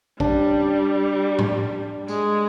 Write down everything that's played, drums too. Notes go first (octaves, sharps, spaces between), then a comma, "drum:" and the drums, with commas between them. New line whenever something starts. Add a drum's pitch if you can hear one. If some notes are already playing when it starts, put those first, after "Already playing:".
G3 D4, drum: kick
drum: tom G#2
G#3, drum: tambourine